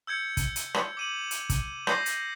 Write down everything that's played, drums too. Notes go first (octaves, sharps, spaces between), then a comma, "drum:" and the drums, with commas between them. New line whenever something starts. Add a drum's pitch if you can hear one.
E6 G6 G#6 C#7
drum: kick, hi-hat
drum: hi-hat
drum: rim click
D6 D#7 F#7
drum: hi-hat
drum: kick, hi-hat
G6 A#6 C7, drum: rim click
drum: hi-hat